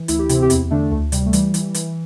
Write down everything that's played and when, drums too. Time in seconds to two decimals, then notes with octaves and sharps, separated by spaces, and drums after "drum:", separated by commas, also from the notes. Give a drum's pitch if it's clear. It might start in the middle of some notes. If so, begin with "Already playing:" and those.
Already playing: E3
0.08 D2 E4, drum: hi-hat
0.19 G4
0.29 C3 C4 E4, drum: hi-hat
0.42 G4
0.50 E2 C4 E4, drum: hi-hat
0.71 D3 A3 D4
0.91 D2 A3
1.12 C3 G3, drum: hi-hat
1.26 A3
1.33 E3 G3, drum: hi-hat
1.54 E3, drum: hi-hat
1.74 E3, drum: hi-hat